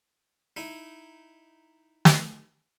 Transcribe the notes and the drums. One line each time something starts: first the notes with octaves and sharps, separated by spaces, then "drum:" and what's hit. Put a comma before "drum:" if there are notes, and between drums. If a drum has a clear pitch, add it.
D#4 E4
drum: snare